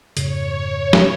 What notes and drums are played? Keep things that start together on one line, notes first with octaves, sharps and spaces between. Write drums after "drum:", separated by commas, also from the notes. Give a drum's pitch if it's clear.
F2 G#2 C#3 C#5, drum: hi-hat
drum: snare